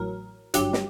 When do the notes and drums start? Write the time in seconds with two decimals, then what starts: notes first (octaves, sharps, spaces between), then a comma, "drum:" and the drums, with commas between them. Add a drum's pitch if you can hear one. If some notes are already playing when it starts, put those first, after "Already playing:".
Already playing: A1 A2 F#3 A#4
0.54 G1 G2 F#3 G4, drum: hi-hat
0.73 drum: snare